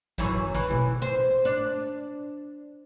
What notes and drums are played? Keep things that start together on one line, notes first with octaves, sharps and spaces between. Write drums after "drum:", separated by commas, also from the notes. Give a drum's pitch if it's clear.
F#2 E3 F#3, drum: kick G#1
E3, drum: kick G#1
drum: tom B2
C5
D4